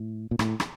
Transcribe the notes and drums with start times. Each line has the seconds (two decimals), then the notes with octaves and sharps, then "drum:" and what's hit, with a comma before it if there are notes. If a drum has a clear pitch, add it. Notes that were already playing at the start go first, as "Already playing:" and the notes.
Already playing: A2
0.31 A#2
0.39 A2, drum: rim click
0.60 drum: rim click